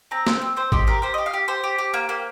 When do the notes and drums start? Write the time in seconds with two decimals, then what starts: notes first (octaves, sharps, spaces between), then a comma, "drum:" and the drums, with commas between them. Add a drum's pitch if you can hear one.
0.11 C4 A#5
0.27 C4 C5, drum: snare
0.41 C4
0.57 C4 C5
0.72 G4 D#5, drum: kick G#1
0.87 G4 A#4
1.02 G4 C5
1.14 G4 D#5
1.26 F5
1.33 G4
1.48 G4 C5
1.63 G4
1.78 G4
1.94 A#3
2.09 A#3